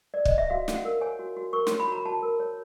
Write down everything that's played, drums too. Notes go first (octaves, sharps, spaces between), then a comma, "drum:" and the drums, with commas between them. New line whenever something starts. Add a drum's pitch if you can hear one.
D5
D#5, drum: kick
E5
F#4 F5
F#4, drum: snare
F#5
A#4
C#5 G#5
F#4
F#4
A#4 C#6
C#5 C6, drum: snare
B5
F#4 A#5
F#4 A5
A#4
C#5